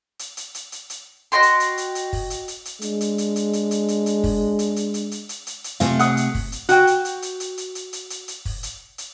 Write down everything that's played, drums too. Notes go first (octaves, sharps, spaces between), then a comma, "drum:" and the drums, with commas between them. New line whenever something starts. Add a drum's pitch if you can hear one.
drum: hi-hat
drum: hi-hat
drum: hi-hat
drum: hi-hat
drum: hi-hat
F#4 D#5 G5 C6
drum: hi-hat
drum: hi-hat
drum: hi-hat
drum: hi-hat
drum: kick, open hi-hat
drum: hi-hat
drum: hi-hat
drum: hi-hat
G#3 D4, drum: hi-hat
drum: hi-hat
drum: hi-hat
drum: hi-hat
drum: hi-hat
drum: hi-hat
drum: hi-hat
drum: hi-hat
drum: kick, open hi-hat
drum: hi-hat
drum: hi-hat
drum: hi-hat
drum: hi-hat
drum: hi-hat
drum: hi-hat
drum: hi-hat
C3 A3 F4 G#4, drum: hi-hat
F#5 D#6, drum: hi-hat
drum: hi-hat
drum: kick, open hi-hat
drum: hi-hat
F#4 G5, drum: hi-hat
drum: hi-hat
drum: hi-hat
drum: hi-hat
drum: hi-hat
drum: hi-hat
drum: hi-hat
drum: hi-hat
drum: hi-hat
drum: hi-hat
drum: kick, open hi-hat
drum: hi-hat
drum: hi-hat